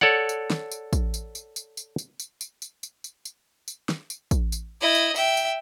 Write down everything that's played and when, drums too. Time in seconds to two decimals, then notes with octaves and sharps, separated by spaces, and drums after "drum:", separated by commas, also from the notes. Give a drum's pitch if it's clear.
0.01 A4 C#5 D5 F#5
0.29 drum: tambourine
0.50 drum: snare
0.71 drum: tambourine
0.93 drum: kick, tambourine
1.14 drum: tambourine
1.35 drum: tambourine
1.56 drum: tambourine
1.77 drum: tambourine
1.98 drum: tambourine
2.20 drum: tambourine
2.41 drum: tambourine
2.62 drum: tambourine
2.83 drum: tambourine
3.04 drum: tambourine
3.25 drum: tambourine
3.68 drum: tambourine
3.89 drum: snare
4.10 drum: tambourine
4.31 drum: kick, tambourine
4.52 drum: tambourine
4.81 E4 D#5
4.95 drum: tambourine
5.16 E5 G5, drum: tambourine
5.37 drum: tambourine